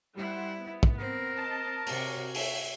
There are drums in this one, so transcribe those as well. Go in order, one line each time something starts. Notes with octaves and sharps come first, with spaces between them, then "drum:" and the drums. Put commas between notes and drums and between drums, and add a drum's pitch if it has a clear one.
G3 E4 C5 F#5
B3
drum: kick
C4 A#4
D#5 A5
C3 F#4 C#5, drum: open hi-hat
E5, drum: open hi-hat